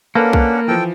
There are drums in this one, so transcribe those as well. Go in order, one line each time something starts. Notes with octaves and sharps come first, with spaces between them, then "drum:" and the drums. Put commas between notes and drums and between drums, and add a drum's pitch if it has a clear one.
A#3 C#4 D4 A4 B4 F#5 A5
drum: kick B1
E3 F3 A4 G5